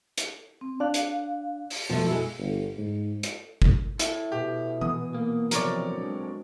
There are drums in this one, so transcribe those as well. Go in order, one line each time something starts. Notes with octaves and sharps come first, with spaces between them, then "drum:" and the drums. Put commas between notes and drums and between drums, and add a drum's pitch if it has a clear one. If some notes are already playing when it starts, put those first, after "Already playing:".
drum: hi-hat
C4
D4 D5 F5 F#6
drum: hi-hat
drum: open hi-hat
B2 F3 A3 F#4 A5
G#3 E4 A4 E6
G1
G#2
drum: hi-hat
drum: kick
E4 A4, drum: hi-hat
B2 G4
E3 B3 D#6
A#3
C3 F3 F#3 C4 A#4 C#5 D5, drum: hi-hat
G#3 D4